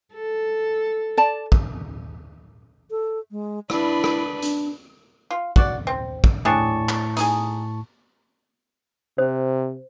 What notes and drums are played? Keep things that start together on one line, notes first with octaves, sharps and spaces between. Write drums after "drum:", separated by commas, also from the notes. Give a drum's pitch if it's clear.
A4
D5 A5
drum: kick
A4
G#3
D4 E4 B4, drum: rim click
drum: rim click
D4, drum: hi-hat
F4
F#4 D5, drum: kick
C4
drum: kick
A2 D4 G4 G#4 A5 C#6
drum: clap
D#4 G#4, drum: hi-hat
C3 C5